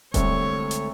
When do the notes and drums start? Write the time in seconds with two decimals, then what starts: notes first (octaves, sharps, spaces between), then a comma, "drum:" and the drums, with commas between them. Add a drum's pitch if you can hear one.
0.14 C2 D3 G#3 A3 C4 C#5, drum: kick D#1, hi-hat
0.71 drum: hi-hat